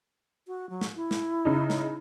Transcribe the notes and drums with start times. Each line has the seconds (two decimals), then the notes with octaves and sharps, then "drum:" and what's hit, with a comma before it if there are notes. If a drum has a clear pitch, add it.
0.47 F#4
0.70 F#3
0.81 drum: snare
0.96 E4
1.11 drum: snare
1.45 C#3 D#4
1.70 drum: snare